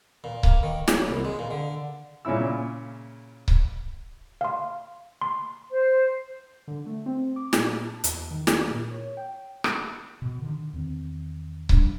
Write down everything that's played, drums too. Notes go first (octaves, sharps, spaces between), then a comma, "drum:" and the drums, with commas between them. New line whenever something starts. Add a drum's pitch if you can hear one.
A#2
A#3, drum: kick C#1
D#3
F#3, drum: snare
C2
G#3
A#2
D3
A#2 C#3 C#4 E4 E6
drum: kick C#1
F5 C6
C6
C5
D3
A3
C4
D6
A#2, drum: snare
A5
E2, drum: hi-hat
D#3
A#4, drum: snare
A#2
C#5
G5
drum: rim click
B2
D3 D#3
E2 D#3 C4
F3 G3 D4, drum: kick C#1